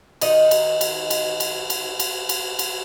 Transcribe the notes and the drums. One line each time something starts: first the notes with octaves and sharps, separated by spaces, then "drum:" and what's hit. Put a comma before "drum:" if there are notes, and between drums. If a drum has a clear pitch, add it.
D#3 D#4 D#5, drum: cymbal
drum: cymbal
drum: cymbal
drum: cymbal
drum: cymbal
drum: cymbal
drum: cymbal
drum: cymbal
drum: cymbal